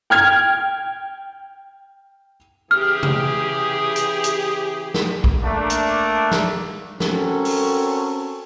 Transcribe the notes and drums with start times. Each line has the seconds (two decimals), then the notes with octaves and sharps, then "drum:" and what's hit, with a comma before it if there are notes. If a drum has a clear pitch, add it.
0.10 G5 F6 G#6
2.71 C#3 E3 G4 G#4 F6
3.03 drum: tom C3
3.96 drum: hi-hat
4.24 drum: hi-hat
4.94 drum: snare
5.24 drum: kick A#1
5.43 A3 A#3 D4
5.70 drum: hi-hat
6.31 drum: snare
7.00 C4 C#4 F#4 A4 A#4, drum: snare
7.45 drum: open hi-hat